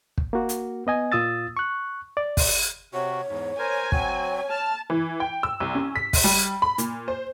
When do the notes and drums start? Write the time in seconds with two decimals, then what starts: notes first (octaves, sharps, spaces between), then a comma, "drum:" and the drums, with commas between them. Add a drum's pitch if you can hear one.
0.18 drum: kick
0.33 A#3 F#4
0.49 drum: hi-hat
0.87 B3 D#5 G#5
1.12 A#2 F4 D#6 E6 A6
1.57 C#6 F#6
2.17 D5
2.37 drum: kick, open hi-hat
2.94 C3 F#4 C#5
3.29 E2 G#2
3.59 A#4 C5 G#5
3.92 F#3 C4 F#4 C#5, drum: kick
4.50 A5 F6
4.90 E3
5.20 G5
5.43 E6
5.60 C2
5.75 C#4
5.96 B6
6.13 drum: kick, open hi-hat
6.24 G3
6.62 B5
6.78 A#2, drum: hi-hat
7.08 C5